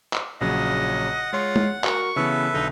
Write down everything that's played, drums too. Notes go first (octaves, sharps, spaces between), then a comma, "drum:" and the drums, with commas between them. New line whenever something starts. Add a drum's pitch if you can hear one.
drum: clap
A#1 C#3 F#3 D#5 F#5
G#3 F4 C#5 C6
drum: tom
F#4 A#4 C#6, drum: clap
C#3 E3 B3 A4 B4 E5
B1 D3 D#4